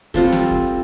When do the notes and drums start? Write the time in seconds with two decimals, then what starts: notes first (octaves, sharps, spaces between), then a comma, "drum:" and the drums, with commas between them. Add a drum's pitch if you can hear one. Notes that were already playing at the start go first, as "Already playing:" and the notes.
0.14 G3 C4 F4 A4, drum: kick
0.32 drum: snare
0.51 drum: kick